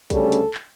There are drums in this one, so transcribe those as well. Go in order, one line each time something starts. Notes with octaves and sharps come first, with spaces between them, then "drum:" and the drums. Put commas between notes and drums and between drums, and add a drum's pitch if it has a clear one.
D2 C#3 G3 C#4 A4, drum: kick, hi-hat
drum: hi-hat
drum: clap